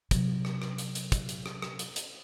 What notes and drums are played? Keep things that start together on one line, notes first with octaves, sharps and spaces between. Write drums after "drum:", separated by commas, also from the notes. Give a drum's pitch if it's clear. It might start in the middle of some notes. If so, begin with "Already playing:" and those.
C3 F#3, drum: kick, hi-hat
drum: rim click
drum: rim click
drum: hi-hat
drum: hi-hat
drum: kick, hi-hat
drum: hi-hat
drum: rim click
drum: rim click
drum: hi-hat
drum: hi-hat